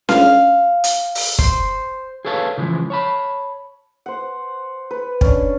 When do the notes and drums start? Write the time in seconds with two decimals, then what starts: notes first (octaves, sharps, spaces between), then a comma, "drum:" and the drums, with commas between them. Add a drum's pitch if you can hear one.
0.09 F5, drum: snare C#4
0.84 drum: hi-hat
1.15 drum: open hi-hat
1.39 C5, drum: kick
2.25 G#4 A4 B4 C#5 F5 A5
2.58 C#3 E3 F3 G#3
2.90 C#5 A5 B5
4.06 C5 F#5
4.91 B4
5.21 C#4 D4, drum: kick